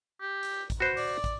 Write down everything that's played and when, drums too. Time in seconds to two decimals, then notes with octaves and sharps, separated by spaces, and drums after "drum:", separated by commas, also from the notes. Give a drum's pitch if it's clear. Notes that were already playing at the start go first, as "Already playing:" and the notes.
0.21 G4
0.43 drum: hi-hat
0.70 drum: kick, hi-hat
0.80 F#4 B4 C5
0.97 D5, drum: open hi-hat
1.24 drum: kick, hi-hat